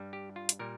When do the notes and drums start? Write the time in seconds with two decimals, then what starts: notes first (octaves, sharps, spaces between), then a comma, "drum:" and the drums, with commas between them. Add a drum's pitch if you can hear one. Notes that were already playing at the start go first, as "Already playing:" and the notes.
Already playing: G2 G3
0.13 G4
0.36 F4
0.49 drum: hi-hat
0.59 A#2 G3 A#4